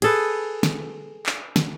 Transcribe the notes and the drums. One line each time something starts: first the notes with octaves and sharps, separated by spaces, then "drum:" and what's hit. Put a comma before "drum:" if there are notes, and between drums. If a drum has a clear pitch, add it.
G#4 A4 B4, drum: cymbal
drum: snare
drum: clap
drum: snare